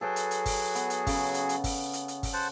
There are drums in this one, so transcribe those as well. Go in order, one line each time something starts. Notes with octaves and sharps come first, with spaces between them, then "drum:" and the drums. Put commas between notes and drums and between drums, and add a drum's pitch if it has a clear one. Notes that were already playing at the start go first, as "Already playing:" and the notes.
F#3 G#4 A4 B4 G5
drum: hi-hat
drum: hi-hat
drum: kick G1, open hi-hat
B3, drum: hi-hat
drum: hi-hat
C#3, drum: kick G1, open hi-hat
drum: hi-hat
drum: hi-hat
drum: kick G1, open hi-hat
drum: hi-hat
drum: hi-hat
drum: kick G1, open hi-hat
C5 F#5 A5